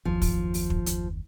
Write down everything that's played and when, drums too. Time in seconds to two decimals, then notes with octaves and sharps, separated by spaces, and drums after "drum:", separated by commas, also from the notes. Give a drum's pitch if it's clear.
0.05 F#1 D#2 F3
0.22 drum: kick, open hi-hat
0.54 drum: open hi-hat
0.70 drum: kick
0.86 drum: hi-hat